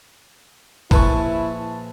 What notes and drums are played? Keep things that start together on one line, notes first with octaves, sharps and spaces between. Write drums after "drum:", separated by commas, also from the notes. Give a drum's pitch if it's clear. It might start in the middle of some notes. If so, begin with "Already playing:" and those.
A#1 E4 B4 G#5 A5 C#6, drum: kick